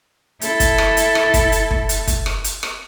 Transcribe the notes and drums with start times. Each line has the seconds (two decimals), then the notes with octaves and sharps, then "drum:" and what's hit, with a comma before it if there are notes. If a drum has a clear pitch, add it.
0.41 E4 A4, drum: hi-hat
0.60 drum: kick, hi-hat
0.78 drum: rim click
0.97 drum: hi-hat
1.15 drum: rim click
1.34 drum: kick, hi-hat
1.52 drum: hi-hat
1.71 drum: kick
1.89 drum: hi-hat
2.07 drum: kick, hi-hat
2.26 drum: rim click
2.44 drum: hi-hat
2.63 drum: rim click